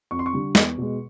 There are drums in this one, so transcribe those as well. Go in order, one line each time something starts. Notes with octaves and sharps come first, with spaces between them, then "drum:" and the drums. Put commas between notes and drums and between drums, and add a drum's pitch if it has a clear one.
F2 C#6
C6
C#6
D3 G3
E2, drum: snare
B2 G#3